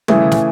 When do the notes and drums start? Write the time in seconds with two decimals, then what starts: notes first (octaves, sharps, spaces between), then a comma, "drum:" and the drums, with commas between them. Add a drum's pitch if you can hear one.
0.08 C#3 E3 A3 E4 G#4, drum: tom
0.32 drum: snare